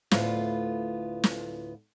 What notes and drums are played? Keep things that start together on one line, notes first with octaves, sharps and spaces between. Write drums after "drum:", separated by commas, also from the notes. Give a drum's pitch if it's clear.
D2 A2 B3 F4, drum: snare
drum: snare